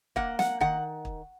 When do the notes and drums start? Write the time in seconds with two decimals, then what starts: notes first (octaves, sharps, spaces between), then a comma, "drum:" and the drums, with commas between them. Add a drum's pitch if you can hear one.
0.16 A#3 F#5, drum: kick
0.39 F#5, drum: snare
0.60 D#3 F#5, drum: kick
1.05 drum: kick